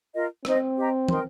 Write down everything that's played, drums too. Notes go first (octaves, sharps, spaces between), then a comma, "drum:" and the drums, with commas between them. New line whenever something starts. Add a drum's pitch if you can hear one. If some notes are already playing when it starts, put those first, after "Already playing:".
F4 A#4 D#5
C4 D#4 C5 D#5, drum: rim click
G4 D#5 G5 A#5
D#4 A#4 G5 C6, drum: tom